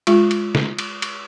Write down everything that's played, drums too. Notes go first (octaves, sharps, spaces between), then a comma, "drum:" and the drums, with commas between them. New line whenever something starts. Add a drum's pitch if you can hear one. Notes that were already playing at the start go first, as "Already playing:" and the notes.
G#3 F4, drum: cymbal
drum: cymbal
drum: snare
drum: cymbal
drum: cymbal